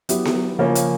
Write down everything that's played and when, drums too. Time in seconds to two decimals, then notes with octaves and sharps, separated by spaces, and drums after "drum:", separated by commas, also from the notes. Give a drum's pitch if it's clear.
0.09 F#3 B3 E4 G4, drum: hi-hat
0.25 drum: snare B3
0.59 C#3 F3 A#3 C#4
0.75 drum: hi-hat